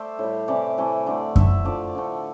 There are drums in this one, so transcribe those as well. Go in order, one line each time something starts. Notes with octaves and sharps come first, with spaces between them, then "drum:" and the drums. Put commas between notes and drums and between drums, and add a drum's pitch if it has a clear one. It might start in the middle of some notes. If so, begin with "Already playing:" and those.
Already playing: A3 C5 D5 E5
A2 G3
C3 E3 A3 D5
C3 E3 A3
D3 A3 D5
D3 A3 E5, drum: kick F#2
D3 F3 A3 D5
D3 F3 A3